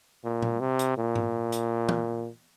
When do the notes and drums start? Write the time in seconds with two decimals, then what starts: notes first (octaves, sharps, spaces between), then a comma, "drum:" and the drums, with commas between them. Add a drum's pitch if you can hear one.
0.24 A#2
0.42 drum: tom A#2
0.60 C3
0.79 drum: hi-hat
0.97 A#2
1.16 drum: tom G#2
1.52 drum: hi-hat
1.89 drum: tom